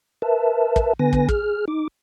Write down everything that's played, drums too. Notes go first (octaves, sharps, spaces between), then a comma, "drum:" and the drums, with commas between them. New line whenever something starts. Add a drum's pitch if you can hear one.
A#4 B4 E5 A5
drum: kick
D3 B3 B4 G#5 A#6
drum: kick
G#4 F6, drum: kick
D#4 D6